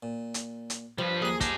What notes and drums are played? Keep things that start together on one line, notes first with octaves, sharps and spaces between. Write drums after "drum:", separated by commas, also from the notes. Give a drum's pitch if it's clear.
A#2
drum: hi-hat
drum: hi-hat
F3 G3 B4
D#2 G#4 A#5
D#4 G4 G#4 A5, drum: kick, hi-hat